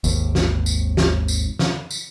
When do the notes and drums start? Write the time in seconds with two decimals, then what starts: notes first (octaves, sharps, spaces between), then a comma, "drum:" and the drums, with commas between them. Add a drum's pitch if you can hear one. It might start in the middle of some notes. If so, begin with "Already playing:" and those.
0.04 G#1 D#2, drum: tambourine
0.35 drum: snare
0.66 drum: tambourine
0.97 drum: snare
1.28 drum: tambourine
1.59 drum: snare
1.90 drum: tambourine